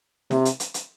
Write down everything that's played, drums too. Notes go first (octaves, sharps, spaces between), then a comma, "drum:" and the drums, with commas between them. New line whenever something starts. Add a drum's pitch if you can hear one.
C3, drum: snare
drum: hi-hat
drum: hi-hat
drum: hi-hat